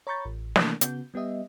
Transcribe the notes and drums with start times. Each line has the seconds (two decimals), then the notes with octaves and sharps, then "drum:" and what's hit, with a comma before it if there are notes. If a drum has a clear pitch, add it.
0.07 C#5 A#5 B5 C#6 G6 A6
0.25 A1
0.56 C3 E3 A3 A#3 D4, drum: snare
0.81 C#3 B3 F#4 G6, drum: hi-hat
1.14 G3 B3 G4 D#5 E5